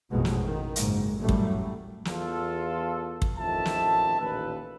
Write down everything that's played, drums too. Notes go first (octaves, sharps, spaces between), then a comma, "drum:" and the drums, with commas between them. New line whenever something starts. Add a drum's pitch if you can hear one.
A1 F2 B2 G#3
drum: snare
D#3
F#1 G#2, drum: hi-hat
A1 F#2 A2 F#3 G3 A3
drum: kick
E2 F4 A4, drum: snare
drum: kick
A1 F2 D#3 E5 A5
drum: snare
A1 D#2 A#2 A4 B4